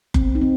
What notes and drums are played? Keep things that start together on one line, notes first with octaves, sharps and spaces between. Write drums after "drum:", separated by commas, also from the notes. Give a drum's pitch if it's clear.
C4, drum: kick F#1
D#4
C4